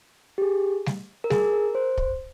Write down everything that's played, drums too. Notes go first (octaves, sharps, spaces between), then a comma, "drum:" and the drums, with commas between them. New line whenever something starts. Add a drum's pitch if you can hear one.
G4
G#4
drum: snare G3
A#4
G#4, drum: snare G3
A#4
C5
drum: kick